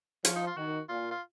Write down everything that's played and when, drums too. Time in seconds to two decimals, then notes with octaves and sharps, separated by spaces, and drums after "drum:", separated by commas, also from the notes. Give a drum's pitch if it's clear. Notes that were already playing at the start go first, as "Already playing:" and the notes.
0.25 F3 C#4, drum: hi-hat
0.36 D#4
0.47 F4
0.57 D#3 F#4
0.89 A#2 F4
1.11 F4